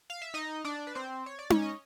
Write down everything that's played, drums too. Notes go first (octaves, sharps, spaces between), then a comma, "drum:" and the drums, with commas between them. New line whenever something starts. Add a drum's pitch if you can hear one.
F5
E5
D#4 D#5
D4 D5
B4
C4 C5
C#5
D5
C#4 C#5, drum: tom D#4
D#5